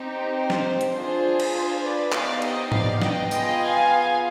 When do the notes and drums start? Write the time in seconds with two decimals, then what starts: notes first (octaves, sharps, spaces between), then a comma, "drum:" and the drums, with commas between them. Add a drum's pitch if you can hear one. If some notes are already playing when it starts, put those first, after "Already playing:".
Already playing: C4 D#4 G4
0.34 C5
0.50 drum: snare
0.81 drum: hi-hat
0.93 D4 F4 G#4 C5
1.40 drum: cymbal
1.53 C5
1.83 B4 D5
2.12 B3 D#4 G4 D5 F5, drum: clap
2.42 C5 D#5, drum: cymbal
2.72 D5 F5, drum: tom G#2
3.02 D#5 G5, drum: snare
3.31 B3 F4 G#4 D#5 G5, drum: tambourine
3.61 F5 G#5